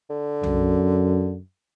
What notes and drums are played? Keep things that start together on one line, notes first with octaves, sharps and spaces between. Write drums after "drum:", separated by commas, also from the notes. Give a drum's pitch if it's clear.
D3
F#2, drum: tom